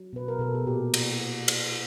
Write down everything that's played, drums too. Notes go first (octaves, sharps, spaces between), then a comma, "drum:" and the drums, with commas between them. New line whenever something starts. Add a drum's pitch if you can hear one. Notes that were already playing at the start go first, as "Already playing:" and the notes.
Already playing: F#3
B2 B4
A#4
B2 A4
G#4
A#2 G4
drum: cymbal
drum: cymbal